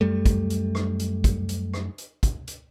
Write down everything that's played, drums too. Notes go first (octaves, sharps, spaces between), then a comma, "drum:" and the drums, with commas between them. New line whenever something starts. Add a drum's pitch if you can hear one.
F#2 G3 A3
drum: kick, hi-hat
drum: hi-hat
drum: rim click
drum: hi-hat
drum: kick, hi-hat
drum: hi-hat
drum: rim click
drum: hi-hat
drum: kick, hi-hat
drum: hi-hat